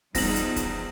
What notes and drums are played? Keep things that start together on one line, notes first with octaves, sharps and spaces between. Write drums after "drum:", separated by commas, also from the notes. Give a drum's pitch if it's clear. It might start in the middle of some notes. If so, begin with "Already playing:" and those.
E2 F3 G3 D#4 A#6 F#7, drum: kick, open hi-hat
drum: hi-hat
drum: kick, hi-hat